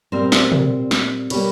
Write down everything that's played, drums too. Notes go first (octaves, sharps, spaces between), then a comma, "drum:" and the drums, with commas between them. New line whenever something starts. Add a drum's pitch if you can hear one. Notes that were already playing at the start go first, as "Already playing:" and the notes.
A#2 G3 C4 A#4 C5
drum: snare
drum: tom B2
drum: snare
B2 G3 A#3 B4 C#5, drum: cymbal